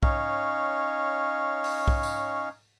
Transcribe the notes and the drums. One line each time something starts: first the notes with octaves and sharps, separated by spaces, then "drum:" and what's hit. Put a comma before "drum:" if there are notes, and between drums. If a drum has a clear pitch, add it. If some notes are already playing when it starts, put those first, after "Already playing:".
C#4 D#4 C#5 F5, drum: kick B1
drum: open hi-hat
drum: kick B1
drum: tambourine